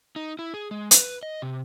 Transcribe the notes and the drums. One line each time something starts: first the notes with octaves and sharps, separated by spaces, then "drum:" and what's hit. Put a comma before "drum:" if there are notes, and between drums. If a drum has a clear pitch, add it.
D#4
E4
G#4
G#3
B4, drum: hi-hat
D#5
C3